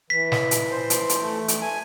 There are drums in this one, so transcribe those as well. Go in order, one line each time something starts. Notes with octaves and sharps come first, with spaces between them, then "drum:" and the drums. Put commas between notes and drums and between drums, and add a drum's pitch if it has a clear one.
E3 B6
drum: snare
drum: hi-hat
C5
drum: hi-hat
drum: hi-hat
A3
drum: hi-hat
G#5